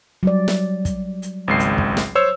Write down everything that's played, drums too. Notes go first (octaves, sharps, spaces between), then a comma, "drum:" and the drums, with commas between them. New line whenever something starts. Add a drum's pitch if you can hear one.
F#3 G3 D5
drum: snare
drum: kick, hi-hat
drum: hi-hat
G#1 C#2 C7
drum: hi-hat
drum: kick
drum: snare
C5 C#5 E6